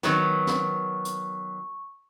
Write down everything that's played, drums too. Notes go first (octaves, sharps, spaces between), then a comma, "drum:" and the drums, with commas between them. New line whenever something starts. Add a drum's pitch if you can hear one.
D#3 F#3 B3 C#6, drum: snare
drum: snare
drum: hi-hat